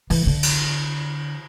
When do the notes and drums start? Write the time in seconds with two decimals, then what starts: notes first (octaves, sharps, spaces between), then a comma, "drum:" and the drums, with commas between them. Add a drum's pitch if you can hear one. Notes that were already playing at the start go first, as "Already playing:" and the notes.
0.10 E3, drum: open hi-hat
0.27 D3
0.43 drum: cymbal